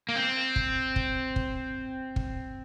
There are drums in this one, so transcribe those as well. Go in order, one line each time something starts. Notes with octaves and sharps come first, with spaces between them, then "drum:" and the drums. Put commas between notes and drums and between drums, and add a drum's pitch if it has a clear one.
A#3
C4
drum: kick
drum: kick
drum: kick
drum: kick